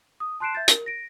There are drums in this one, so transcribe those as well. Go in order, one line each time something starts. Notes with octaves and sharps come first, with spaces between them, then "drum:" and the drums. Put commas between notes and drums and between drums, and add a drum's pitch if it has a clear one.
D#6
A5 C6 F#6 C7 D7 E7
E5 G6 A6
A#4, drum: hi-hat
A#6 D7